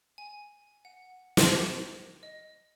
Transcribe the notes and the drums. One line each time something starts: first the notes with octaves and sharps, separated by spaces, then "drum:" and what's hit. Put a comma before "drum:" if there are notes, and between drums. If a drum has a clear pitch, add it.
G#5
F#5
A#6, drum: snare
D#5